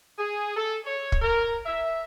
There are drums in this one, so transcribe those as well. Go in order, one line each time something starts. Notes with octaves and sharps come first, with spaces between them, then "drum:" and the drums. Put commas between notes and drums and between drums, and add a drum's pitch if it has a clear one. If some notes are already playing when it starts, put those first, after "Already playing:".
G#4
A4
C#5
drum: kick
A#4
E5